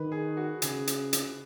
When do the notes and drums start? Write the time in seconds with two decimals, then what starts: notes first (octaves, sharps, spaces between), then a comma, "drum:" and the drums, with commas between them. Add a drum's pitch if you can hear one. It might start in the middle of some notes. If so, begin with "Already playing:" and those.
Already playing: D#3 B4
0.12 G#4
0.37 F#4
0.62 C#3 G#4, drum: hi-hat
0.87 drum: hi-hat
1.13 drum: hi-hat